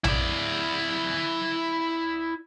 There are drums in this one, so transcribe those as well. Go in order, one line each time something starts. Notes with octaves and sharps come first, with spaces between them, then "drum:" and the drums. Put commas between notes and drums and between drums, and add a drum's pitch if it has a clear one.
E4 D5, drum: tom A#1